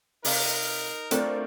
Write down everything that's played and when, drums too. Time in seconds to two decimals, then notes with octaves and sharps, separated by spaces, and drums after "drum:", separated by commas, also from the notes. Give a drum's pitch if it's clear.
0.25 C3 D#4 A#4 F5, drum: open hi-hat
1.11 A3 C4 D4 F4 A4 A#4, drum: hi-hat